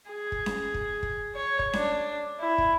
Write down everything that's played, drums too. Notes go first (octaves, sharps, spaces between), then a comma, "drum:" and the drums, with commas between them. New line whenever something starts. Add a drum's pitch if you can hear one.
G#4
drum: kick
drum: snare C#4
drum: kick
drum: kick
C#5
drum: kick
D4, drum: snare C#4
E4
drum: kick